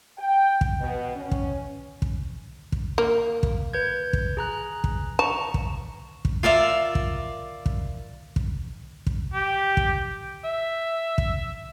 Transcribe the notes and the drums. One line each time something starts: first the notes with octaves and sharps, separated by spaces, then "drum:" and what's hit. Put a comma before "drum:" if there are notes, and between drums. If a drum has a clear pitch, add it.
G5
drum: kick
B2
C#4
drum: kick
drum: kick
drum: kick
A#3
drum: kick
B4 G6 G#6
drum: kick
G#4 A#5 F#6
drum: kick
A5 A#5 C#6
drum: kick
drum: kick
F4 A#4 D5 E5
drum: kick
drum: kick
drum: kick
drum: kick
G4
drum: kick
E5
drum: kick